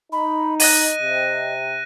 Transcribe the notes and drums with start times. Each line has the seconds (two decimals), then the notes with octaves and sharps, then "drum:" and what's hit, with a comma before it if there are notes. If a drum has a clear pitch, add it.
0.12 D#4 B5
0.60 D#5 F#6 A#6 D#7, drum: open hi-hat
1.02 C3